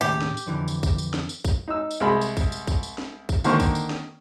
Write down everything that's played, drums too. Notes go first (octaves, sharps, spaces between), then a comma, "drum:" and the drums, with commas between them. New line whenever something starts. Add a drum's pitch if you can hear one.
D#2 A2 C#3 G4
drum: snare
drum: tambourine
F2 D3 E3
drum: tambourine
drum: kick, tambourine
drum: tambourine
drum: snare
drum: tambourine
drum: kick, tambourine
D#4 E6
drum: tambourine
C2 G#3 B5 C6
drum: tambourine
drum: kick, tambourine
drum: tambourine
drum: kick, tambourine
drum: tambourine
drum: snare
drum: kick, tambourine
D3 D#3 A#3 C5 C#6, drum: tambourine
drum: kick, tambourine
drum: tambourine
drum: snare